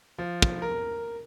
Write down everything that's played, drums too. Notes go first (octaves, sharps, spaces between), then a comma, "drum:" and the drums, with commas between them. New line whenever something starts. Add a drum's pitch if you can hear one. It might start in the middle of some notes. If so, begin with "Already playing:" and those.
F3
drum: kick
A#4